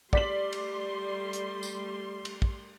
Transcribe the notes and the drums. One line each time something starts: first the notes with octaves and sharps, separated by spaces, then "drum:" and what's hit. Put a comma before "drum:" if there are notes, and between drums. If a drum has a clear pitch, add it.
G3 A3 D5 C6 B6 F#7, drum: kick
drum: cymbal
drum: hi-hat
drum: tambourine
drum: cymbal
drum: kick